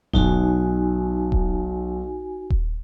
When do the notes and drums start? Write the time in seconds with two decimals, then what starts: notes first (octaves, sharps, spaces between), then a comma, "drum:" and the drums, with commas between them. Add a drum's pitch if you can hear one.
0.13 B1 D#4 F#4 G#5, drum: kick D#1
1.32 drum: kick D#1
2.50 drum: kick D#1